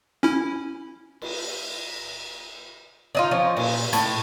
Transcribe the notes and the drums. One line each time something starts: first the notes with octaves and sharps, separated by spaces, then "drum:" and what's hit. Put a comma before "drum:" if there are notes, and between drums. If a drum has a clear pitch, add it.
C#4 E4
drum: cymbal
D4 D#4 F4
F3 C#4
A#2, drum: cymbal
A2, drum: hi-hat